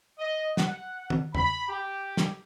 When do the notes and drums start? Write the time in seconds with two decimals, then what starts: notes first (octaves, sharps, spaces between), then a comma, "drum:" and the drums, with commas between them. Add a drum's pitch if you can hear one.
0.19 D#5
0.57 F#5, drum: snare
1.10 drum: tom
1.35 B5, drum: tom E2
1.69 G4
2.17 drum: snare